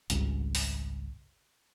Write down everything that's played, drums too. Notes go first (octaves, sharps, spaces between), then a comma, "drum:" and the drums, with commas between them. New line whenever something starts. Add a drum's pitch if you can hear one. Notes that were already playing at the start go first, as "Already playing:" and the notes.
G#1 C#2 G2, drum: hi-hat
drum: open hi-hat